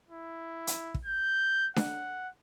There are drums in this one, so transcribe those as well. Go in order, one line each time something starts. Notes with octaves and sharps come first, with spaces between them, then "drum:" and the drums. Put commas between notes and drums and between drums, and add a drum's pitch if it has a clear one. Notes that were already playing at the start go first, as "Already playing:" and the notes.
E4
drum: hi-hat
drum: kick
G6
F#5, drum: snare D4